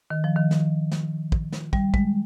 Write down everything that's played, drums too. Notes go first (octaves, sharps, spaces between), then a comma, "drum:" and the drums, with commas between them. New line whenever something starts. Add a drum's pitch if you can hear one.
D#3
F3
D#3
drum: snare
drum: snare
drum: kick
drum: snare
G3, drum: kick
G#3, drum: kick